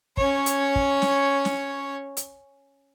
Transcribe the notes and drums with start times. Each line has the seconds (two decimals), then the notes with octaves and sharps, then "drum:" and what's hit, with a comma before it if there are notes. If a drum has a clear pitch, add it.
0.17 C#4 C#5, drum: kick
0.46 drum: hi-hat
0.76 drum: kick
1.02 drum: snare
1.45 drum: snare
2.17 drum: hi-hat